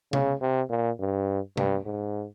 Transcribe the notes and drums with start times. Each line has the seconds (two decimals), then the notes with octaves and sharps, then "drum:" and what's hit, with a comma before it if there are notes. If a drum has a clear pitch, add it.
0.13 C#3, drum: tom C3
0.41 C3
0.70 A#2
1.00 G2
1.57 G2, drum: tom C3
1.86 G#2